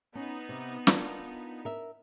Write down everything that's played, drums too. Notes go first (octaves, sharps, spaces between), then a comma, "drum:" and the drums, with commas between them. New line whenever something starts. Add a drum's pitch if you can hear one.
B3 C#4 D#4
C3
D4 F4 A#4, drum: snare
A#4 E5